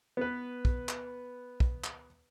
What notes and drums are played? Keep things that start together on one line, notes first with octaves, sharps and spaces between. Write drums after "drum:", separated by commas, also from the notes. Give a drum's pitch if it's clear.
B3 B4
drum: kick
drum: clap
drum: kick
drum: clap